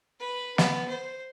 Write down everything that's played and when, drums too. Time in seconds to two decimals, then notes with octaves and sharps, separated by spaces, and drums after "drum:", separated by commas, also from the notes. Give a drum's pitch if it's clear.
0.20 B4
0.58 B3, drum: snare
0.88 C5